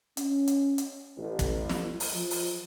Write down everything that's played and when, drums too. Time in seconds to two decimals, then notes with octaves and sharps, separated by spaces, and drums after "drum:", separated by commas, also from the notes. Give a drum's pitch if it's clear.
0.17 C#4, drum: hi-hat
0.47 drum: hi-hat
0.78 drum: hi-hat
1.17 A1
1.39 drum: kick, hi-hat
1.69 drum: snare
2.00 drum: open hi-hat
2.14 F3
2.30 drum: open hi-hat